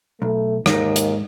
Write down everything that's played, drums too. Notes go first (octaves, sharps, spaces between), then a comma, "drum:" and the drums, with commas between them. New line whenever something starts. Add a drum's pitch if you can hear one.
B1 A3
D#2 G#2 D#4, drum: rim click
drum: hi-hat